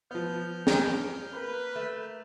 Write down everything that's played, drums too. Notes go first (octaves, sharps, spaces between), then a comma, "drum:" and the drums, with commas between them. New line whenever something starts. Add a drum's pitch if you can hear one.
F3 B3 F6 G6
drum: snare
A#3 B4
A3